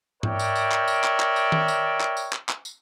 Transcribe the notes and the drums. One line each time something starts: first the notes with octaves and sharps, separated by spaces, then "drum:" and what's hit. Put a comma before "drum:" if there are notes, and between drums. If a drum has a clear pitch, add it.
A#4 C#5 D5 E5 G5, drum: tom G#2
drum: tambourine
drum: tambourine
drum: clap
drum: tambourine
drum: clap
drum: clap
drum: tambourine
drum: tom D#3
drum: tambourine
drum: clap
drum: tambourine
drum: clap
drum: clap
drum: tambourine